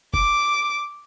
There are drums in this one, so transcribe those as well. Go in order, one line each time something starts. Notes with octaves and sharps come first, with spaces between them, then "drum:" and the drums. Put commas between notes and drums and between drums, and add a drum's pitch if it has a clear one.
D6, drum: kick